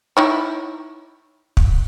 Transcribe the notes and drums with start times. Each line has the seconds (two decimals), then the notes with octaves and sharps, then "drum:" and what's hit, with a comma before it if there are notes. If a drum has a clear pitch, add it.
0.17 D#4 E4 C#5
1.57 drum: kick